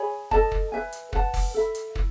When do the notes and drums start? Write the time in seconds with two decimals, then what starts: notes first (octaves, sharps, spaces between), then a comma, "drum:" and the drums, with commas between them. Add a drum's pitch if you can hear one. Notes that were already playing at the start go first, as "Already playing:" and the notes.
Already playing: G#4 C#5 G#5 B5
0.31 A4 D#5 A5, drum: kick
0.51 drum: kick
0.72 B4 E5 G#5
0.93 drum: hi-hat
1.13 B4 F#5 A5, drum: kick
1.34 drum: kick, open hi-hat
1.54 A4 E5 B5
1.75 drum: hi-hat
1.95 E4, drum: kick